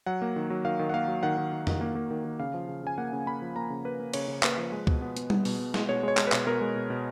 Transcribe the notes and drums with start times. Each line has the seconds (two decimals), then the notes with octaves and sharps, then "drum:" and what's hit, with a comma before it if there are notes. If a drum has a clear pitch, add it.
0.06 F#3 F#5
0.22 A#3
0.36 D#3
0.50 F#3
0.65 D#3 F5
0.79 D#3
0.89 F#5
0.94 A#3 F5
1.08 F#3
1.23 D#3 F#5
1.38 D#3
1.53 D#3
1.67 D#3, drum: tom F2
1.81 A#3
1.95 A#3
2.10 D#3
2.25 D#3
2.39 C#3 F5
2.54 F3
2.69 C#3
2.83 C#3 G#5
2.98 A#3 F#5
3.13 C#3
3.26 A#3 B5
3.42 F3
3.56 A#3 A#5
3.70 C#3
3.84 A#3 B4
4.00 A#3
4.14 C#3 C#5, drum: cymbal
4.28 C#3
4.43 A#3 B4, drum: clap
4.58 F3
4.72 G#3
4.87 B2, drum: kick C#2
5.02 B3
5.17 B3, drum: hi-hat
5.30 B3, drum: tom G3
5.45 B2, drum: open hi-hat
5.59 B2
5.74 G#3, drum: snare
5.89 B2 C#5
6.03 G#3 C#5
6.17 G#3, drum: clap
6.27 B4
6.32 B2, drum: clap
6.47 B2 A#4
6.61 G#3
6.76 B2
6.90 B2